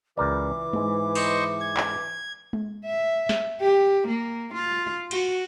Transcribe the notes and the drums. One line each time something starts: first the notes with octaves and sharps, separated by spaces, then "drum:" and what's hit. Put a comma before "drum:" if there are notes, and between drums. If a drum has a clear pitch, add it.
C#2 E3 A#4 D5 D6
G#2 G#3, drum: tom G#3
C5 D#5 C#6, drum: open hi-hat
G#6
drum: clap
drum: tom G#3
E5
drum: snare
G4
A#3
F4
F#4, drum: cymbal